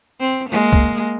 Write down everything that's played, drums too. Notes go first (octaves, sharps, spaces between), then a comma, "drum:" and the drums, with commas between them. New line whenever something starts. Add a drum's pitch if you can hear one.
C4
G#3 A#3
drum: kick